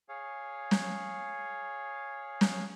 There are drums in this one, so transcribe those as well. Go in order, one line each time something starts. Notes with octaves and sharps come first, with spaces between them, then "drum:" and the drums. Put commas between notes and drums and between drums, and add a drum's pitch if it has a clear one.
G#4 C#5 F5
drum: snare
drum: snare